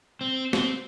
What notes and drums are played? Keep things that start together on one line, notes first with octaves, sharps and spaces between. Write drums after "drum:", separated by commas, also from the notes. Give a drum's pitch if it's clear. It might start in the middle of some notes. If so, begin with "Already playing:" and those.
C4
C4, drum: snare